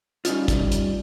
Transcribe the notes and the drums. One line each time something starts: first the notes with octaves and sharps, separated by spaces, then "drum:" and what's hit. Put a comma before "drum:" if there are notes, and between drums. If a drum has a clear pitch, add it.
G3 C#4 D#4 F4, drum: hi-hat
drum: kick, hi-hat
drum: hi-hat